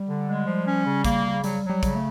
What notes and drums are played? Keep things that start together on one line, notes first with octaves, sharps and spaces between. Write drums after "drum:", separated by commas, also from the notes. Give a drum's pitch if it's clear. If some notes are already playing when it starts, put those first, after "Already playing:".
Already playing: G3
D3
G#3
F3
C#4
C#3
A#3, drum: kick, hi-hat
C#3
F#3 G3, drum: hi-hat
F#3
G3
C#3, drum: kick, hi-hat
A3